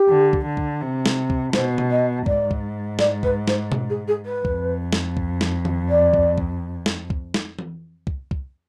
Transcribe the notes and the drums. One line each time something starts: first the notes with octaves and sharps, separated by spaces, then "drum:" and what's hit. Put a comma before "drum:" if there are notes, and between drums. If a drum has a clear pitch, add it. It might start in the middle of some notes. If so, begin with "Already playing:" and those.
Already playing: G4
D3
drum: kick
D3
drum: kick
C3
drum: snare
drum: kick
B2 C5, drum: snare
drum: tom B2
D#5
G#2 D5, drum: kick
drum: kick
D5, drum: snare
B4, drum: kick
C5, drum: snare
drum: tom B2
G#4
G#4
B4
F2, drum: kick
drum: snare
drum: kick
drum: snare
drum: tom D#3
D5
drum: kick
drum: kick
drum: snare
drum: kick
drum: snare
drum: tom E3
drum: kick
drum: kick